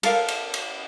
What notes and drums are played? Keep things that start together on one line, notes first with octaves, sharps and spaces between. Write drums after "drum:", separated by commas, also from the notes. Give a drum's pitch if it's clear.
A4 A#4 F5, drum: cymbal
drum: cymbal
drum: cymbal